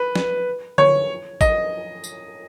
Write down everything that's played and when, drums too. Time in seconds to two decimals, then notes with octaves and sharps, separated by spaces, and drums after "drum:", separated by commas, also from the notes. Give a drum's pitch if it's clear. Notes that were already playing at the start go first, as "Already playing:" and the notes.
Already playing: B4
0.16 drum: snare
0.78 C#5, drum: tom D3
1.41 D#5, drum: kick G#1, tambourine
2.04 drum: tambourine